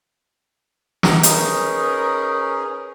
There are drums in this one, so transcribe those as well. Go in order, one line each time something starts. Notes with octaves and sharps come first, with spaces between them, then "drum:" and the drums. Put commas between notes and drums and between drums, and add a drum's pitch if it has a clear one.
drum: snare
C#4 D#4 G#4 A#4 B4, drum: hi-hat